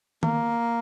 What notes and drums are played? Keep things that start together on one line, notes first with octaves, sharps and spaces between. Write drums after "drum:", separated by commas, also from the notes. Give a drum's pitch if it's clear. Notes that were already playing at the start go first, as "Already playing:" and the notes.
A#3, drum: tom D#3